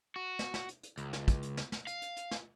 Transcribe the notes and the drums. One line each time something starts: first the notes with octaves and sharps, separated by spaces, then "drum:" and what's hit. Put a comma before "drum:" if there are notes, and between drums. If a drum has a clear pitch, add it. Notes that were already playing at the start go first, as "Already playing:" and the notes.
F#4
drum: snare
drum: snare
drum: hi-hat
drum: hi-hat
C#2, drum: hi-hat
drum: snare
drum: kick, hi-hat
drum: hi-hat
drum: snare
drum: snare
F5, drum: hi-hat
drum: hi-hat
drum: hi-hat
drum: snare